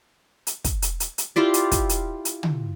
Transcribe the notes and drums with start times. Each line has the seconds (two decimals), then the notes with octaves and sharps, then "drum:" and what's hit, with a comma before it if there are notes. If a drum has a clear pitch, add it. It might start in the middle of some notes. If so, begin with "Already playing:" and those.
0.47 drum: hi-hat
0.64 drum: kick, hi-hat
0.82 drum: hi-hat
1.00 drum: hi-hat
1.18 drum: hi-hat
1.36 E4 F4 G4 D5
1.54 drum: hi-hat
1.72 drum: kick, hi-hat
1.89 drum: hi-hat
2.25 drum: hi-hat
2.43 drum: tom